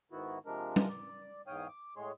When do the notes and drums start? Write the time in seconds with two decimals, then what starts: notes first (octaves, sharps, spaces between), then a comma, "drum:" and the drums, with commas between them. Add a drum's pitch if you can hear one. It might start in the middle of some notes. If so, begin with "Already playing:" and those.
0.12 G#2 D#3 B3 E4 F#4
0.46 C3 F3 G#3 D4 A#4
0.76 drum: tom G3
0.89 D5
1.47 E2 G#2 C#5 F5 G5 D#6
1.68 D6
1.96 A2 G#3 G#4 C#5 C6